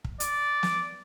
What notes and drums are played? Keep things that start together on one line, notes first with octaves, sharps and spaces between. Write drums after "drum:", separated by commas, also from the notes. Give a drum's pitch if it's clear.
drum: kick
D5, drum: hi-hat
drum: snare